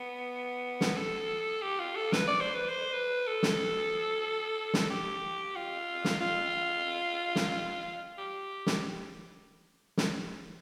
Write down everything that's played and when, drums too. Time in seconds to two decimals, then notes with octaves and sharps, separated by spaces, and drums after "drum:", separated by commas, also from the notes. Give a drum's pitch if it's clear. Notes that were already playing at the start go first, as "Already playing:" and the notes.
Already playing: B3
0.81 drum: snare
0.97 A4
1.62 G4
1.79 F4
1.96 A4
2.12 B4, drum: snare
2.27 D5
2.41 C5
2.55 B4
2.69 C5
2.93 B4
3.27 A4
3.43 drum: snare
4.74 drum: snare
4.90 G4
5.56 F4
6.05 drum: snare
6.21 F4
7.36 drum: snare
8.18 G4
8.66 drum: snare
9.97 drum: snare